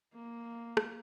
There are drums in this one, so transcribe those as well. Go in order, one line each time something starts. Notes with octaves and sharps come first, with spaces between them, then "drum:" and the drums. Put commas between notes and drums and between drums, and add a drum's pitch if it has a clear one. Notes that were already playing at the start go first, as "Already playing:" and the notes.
A#3
drum: rim click